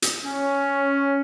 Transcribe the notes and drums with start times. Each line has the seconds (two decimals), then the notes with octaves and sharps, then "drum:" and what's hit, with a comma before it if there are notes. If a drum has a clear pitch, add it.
0.02 drum: hi-hat
0.25 C#4